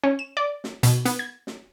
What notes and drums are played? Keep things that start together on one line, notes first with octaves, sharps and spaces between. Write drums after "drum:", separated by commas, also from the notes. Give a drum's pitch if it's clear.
C#4
E7
D5
drum: snare
B2, drum: hi-hat
B3, drum: hi-hat
G#6
drum: snare